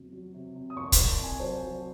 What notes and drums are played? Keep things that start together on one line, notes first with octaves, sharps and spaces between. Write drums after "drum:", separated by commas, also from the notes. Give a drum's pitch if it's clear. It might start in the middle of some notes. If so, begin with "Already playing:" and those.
Already playing: E2 C3 F#3
F#3
C3
C3
D#6
C2 C#6
C6, drum: kick, hi-hat
C2
A5
C3 G#5
F#3 C5
F#3